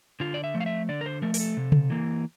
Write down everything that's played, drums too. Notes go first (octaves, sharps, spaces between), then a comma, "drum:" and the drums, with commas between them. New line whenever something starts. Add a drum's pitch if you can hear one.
D3 F4
D5
E5
F3 A3
F5
E5
D3 D5
A#4
C5
F3 A3 A#4
A#4, drum: open hi-hat
A4
C3
drum: tom C#3
E3 A#3